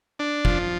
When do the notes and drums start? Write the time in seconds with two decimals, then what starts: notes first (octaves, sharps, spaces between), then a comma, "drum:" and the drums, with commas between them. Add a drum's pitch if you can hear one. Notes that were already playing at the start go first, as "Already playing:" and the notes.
0.19 D4
0.45 F3, drum: kick